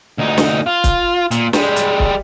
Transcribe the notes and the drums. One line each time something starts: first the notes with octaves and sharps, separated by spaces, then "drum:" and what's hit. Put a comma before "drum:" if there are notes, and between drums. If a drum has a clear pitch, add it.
D2 D#4
drum: snare
F4
drum: kick, hi-hat
A#2, drum: hi-hat
G3 G#3, drum: snare
drum: hi-hat
drum: kick